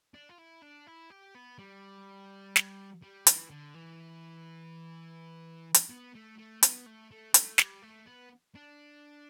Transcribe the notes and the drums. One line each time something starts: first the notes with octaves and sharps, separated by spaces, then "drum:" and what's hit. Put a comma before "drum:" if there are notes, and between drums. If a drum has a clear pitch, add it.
D4
F4
E4
D4
E4
G4
B3
G3
drum: snare
G3
E3, drum: hi-hat
D3
E3
drum: hi-hat
B3
A3
A3
B3, drum: hi-hat
A3
A3
A3, drum: hi-hat
G3, drum: snare
A3
B3
D4